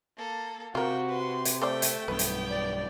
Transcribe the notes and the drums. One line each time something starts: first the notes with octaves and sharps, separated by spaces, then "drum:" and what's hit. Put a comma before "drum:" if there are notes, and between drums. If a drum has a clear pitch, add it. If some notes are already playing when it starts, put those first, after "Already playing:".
A#3 A4
C3 F4 F#4 A#4 G5
B4 C6
drum: hi-hat
A3 A4 C5 D5 G5
drum: hi-hat
B1 G2 B3 B4 G5
drum: hi-hat
D5